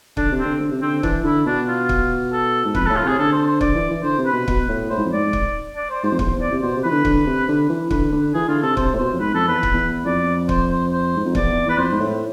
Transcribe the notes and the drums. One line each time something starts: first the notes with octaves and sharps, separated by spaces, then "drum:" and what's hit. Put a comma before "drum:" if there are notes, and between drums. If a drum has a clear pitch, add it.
D3 D4, drum: kick
C3
C4
D3
D3
C3
D3 C4
E3 D4, drum: kick
D3 E4
B2 D4
F4
drum: kick
A4
G#2
F2 B4, drum: kick
A4
A2
F4
C3 G#4
D3 A4
C5
C5
D3 D5, drum: kick
E3
E3
D3 C5
C3
B4
B2
B2, drum: kick
A2
A2 C5
G#2
F2
G#2 D5
drum: kick
D5
C5
G#2 C5
F2
E2 C5, drum: kick
D5
C3
B2 C5
C3
E3 B4
D3
D3, drum: kick
C3
D3
E3
D3 B4, drum: kick
D3
E3 G#4
D3 F4
C3 A4
C3 C5, drum: kick
A2
B2 C5
F2
G#2 B4
F2 A4
E2 B4
drum: kick
E2
F2 D5
C5, drum: kick
C5
C5
G#2
F2
E2 D5, drum: kick
E2 B4
F2 C5
G#2
A2